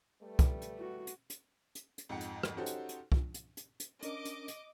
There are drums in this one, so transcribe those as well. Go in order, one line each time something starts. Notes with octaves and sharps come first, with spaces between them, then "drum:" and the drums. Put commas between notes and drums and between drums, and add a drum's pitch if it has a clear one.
G3 A3 B4
drum: kick, hi-hat
drum: hi-hat
F#4
drum: hi-hat
drum: hi-hat
drum: hi-hat
drum: hi-hat
F2 G#2 F#5 G5 C#7
drum: hi-hat
drum: rim click
C#4 D#4 F#4 G4 A4 C5
drum: hi-hat
drum: hi-hat
drum: kick
drum: hi-hat
drum: hi-hat
drum: hi-hat
C#4 D4 A#4 D#5 D6, drum: hi-hat
drum: hi-hat
drum: hi-hat